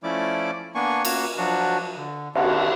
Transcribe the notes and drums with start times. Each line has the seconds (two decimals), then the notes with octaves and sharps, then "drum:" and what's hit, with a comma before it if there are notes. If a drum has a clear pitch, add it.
0.03 F3 A3 C#4 E4 D5 D6
0.75 A#3 B3 D4 G#5 C#6
1.05 A#3 C#4 F#4, drum: cymbal
1.37 F3 F#3 D4 F#4
1.97 D3
2.35 D#3 B3 C#4 D4 F#4, drum: cymbal